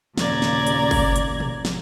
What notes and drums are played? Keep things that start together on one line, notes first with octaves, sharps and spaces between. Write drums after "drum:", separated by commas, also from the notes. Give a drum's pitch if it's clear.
D#2 A#2 C#3 D5 A#5 G#6, drum: snare
drum: snare
drum: hi-hat
drum: kick G1, open hi-hat
drum: hi-hat
drum: tom
drum: snare